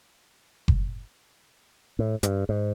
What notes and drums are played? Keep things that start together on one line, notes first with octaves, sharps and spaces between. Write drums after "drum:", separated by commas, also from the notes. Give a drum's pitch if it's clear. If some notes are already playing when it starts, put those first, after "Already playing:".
drum: kick F#1
A2
G2, drum: hi-hat
G#2